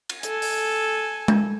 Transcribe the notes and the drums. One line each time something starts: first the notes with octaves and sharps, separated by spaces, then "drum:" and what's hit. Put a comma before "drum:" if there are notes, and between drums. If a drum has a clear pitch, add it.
drum: cymbal
A4 G#5, drum: hi-hat
drum: open hi-hat
drum: tom G#3